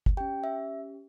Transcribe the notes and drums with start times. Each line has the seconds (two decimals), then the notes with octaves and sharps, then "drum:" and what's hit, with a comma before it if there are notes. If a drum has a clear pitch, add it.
0.06 drum: kick G1
0.17 C#4 G4 G5
0.44 E5